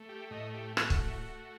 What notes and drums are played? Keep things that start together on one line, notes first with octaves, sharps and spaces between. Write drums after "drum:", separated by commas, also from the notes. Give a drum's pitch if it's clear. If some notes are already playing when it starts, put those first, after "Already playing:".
Already playing: A3
G4
A2 D#5
G4
A3 F#4, drum: rim click
drum: kick
A3